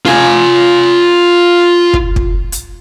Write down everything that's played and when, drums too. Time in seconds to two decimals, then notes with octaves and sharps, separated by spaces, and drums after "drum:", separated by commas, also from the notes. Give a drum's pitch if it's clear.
0.05 F4 G#5, drum: snare C#4
1.93 drum: kick
2.16 drum: kick
2.52 drum: hi-hat